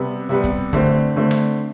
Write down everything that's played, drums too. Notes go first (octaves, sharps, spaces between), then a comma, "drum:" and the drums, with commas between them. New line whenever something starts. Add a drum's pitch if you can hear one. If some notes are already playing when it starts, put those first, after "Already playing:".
Already playing: C3 G3 B3
C3 G3 B3
drum: kick, hi-hat
D3 A3 C4, drum: kick, hi-hat
D3 A3 C4
drum: rim click